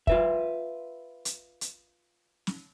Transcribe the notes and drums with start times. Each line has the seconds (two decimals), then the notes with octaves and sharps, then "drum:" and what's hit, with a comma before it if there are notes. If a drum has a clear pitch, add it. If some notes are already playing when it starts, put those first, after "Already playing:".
0.07 F4 B4 E5, drum: kick
1.25 drum: hi-hat
1.61 drum: hi-hat
2.47 drum: snare